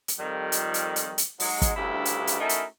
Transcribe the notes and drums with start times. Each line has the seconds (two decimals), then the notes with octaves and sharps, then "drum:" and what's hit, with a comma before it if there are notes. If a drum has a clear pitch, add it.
0.08 drum: hi-hat
0.18 F2 D#3 G3
0.52 drum: hi-hat
0.74 drum: hi-hat
0.96 drum: hi-hat
1.18 drum: hi-hat
1.40 F#3 G#3 D#4, drum: open hi-hat
1.62 drum: kick, hi-hat
1.76 D2 G2 C#3 E4 F4 G4
2.05 drum: hi-hat
2.27 drum: hi-hat
2.40 A3 C#4 D#4 E4 F#4 A#4
2.49 drum: hi-hat